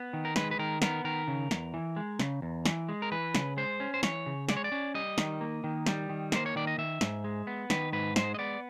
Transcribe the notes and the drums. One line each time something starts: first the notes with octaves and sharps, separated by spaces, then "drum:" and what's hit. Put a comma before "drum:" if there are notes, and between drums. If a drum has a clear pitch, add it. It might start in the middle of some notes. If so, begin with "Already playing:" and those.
Already playing: B3
D#3
A#4
G#3 B4, drum: snare
B4
D#3 A#4
B3 A#4, drum: snare
D#3 A#4
C#3
E2, drum: snare
E3
G#3
C#3, drum: snare
E2
E3, drum: snare
G#3
A#4
E3 B4
C#3, drum: snare
G#3 C5
C#4
C5
E3 C#5, drum: snare
C#3
G#3 D5, drum: snare
C#5
D5
C#4
G3 D#5
D#3, drum: snare
A#3
D#3
G3, drum: snare
D#3
A#3 C5, drum: snare
C#5
D#3 D5
D#5
D#3 E5
G#2, drum: snare
G#3
B3
D#3 B4, drum: snare
G#2 B4
G#3 C5, drum: snare
D#5
B3 D5